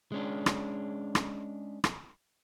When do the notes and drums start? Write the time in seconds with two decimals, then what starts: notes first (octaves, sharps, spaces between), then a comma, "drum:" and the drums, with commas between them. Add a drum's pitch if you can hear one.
0.12 G#3 C#4 D4
0.46 drum: rim click
1.15 drum: rim click
1.84 drum: rim click